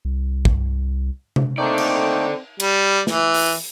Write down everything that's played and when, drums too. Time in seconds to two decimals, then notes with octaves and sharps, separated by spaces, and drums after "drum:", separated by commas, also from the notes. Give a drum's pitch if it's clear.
0.05 C2
0.45 drum: kick
1.36 drum: tom C3
1.58 A3 A#3 C4 D#4 A4 D5 G5
1.78 drum: cymbal
2.60 G3, drum: cymbal
3.07 E3, drum: snare
3.34 drum: open hi-hat